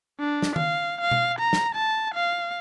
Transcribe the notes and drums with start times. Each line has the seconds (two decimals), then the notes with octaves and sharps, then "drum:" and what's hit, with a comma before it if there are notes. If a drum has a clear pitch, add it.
0.20 D4
0.42 drum: snare
0.56 F5, drum: tom D#3
1.01 F5
1.11 drum: tom B2
1.39 A#5
1.53 drum: snare
1.75 A5
2.15 F5